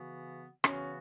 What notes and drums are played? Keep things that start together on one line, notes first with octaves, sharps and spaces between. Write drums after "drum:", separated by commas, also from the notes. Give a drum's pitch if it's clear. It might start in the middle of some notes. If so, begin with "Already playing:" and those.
Already playing: C#3 E3 B3 F#4
C#3 E3 B3 C#4 F#4, drum: rim click